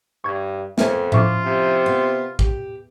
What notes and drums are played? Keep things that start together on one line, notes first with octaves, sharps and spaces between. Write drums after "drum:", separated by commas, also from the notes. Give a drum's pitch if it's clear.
G2 C#6 G#6
F2 A3 B3 C4 A#4 C#5 G#5, drum: snare
F3 C#4 E4 F4 E5 C#6 D6, drum: tom A2
C3
B3
G4, drum: kick